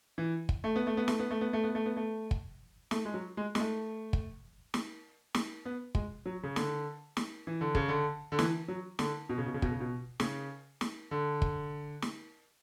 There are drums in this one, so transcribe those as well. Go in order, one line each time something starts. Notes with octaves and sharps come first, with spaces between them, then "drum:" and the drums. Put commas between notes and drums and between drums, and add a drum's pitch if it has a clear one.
E3
drum: kick
A3
B3
A3
B3
A3, drum: snare
B3
A3
B3
A3
B3
A3
B3
A3
drum: kick
A3, drum: snare
G#3
F#3
G#3
G#3, drum: snare
A3
drum: kick
drum: snare
drum: snare
B3
G#3, drum: kick
F#3
C#3
D3, drum: snare
drum: snare
E3
D3
C#3, drum: kick
D3
D3
E3, drum: snare
F#3
D3, drum: snare
B2
C#3
B2
C#3
B2, drum: kick
C#3
B2
C#3, drum: snare
drum: snare
D3
drum: kick
drum: snare